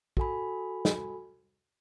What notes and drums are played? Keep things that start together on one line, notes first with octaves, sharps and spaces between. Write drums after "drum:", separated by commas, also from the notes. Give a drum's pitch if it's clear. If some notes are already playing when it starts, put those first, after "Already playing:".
F#4 A4 G#5 B5, drum: kick
drum: snare